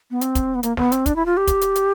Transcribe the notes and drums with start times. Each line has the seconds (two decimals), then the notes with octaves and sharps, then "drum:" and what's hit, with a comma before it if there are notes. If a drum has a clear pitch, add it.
0.11 B3
0.21 C4, drum: hi-hat
0.35 drum: kick, hi-hat
0.55 B3
0.63 A#3, drum: hi-hat
0.77 B3, drum: snare
0.92 C4, drum: hi-hat
1.06 D4, drum: kick, hi-hat
1.16 E4
1.26 F4
1.37 G4
1.47 drum: kick, hi-hat
1.61 drum: hi-hat
1.75 drum: hi-hat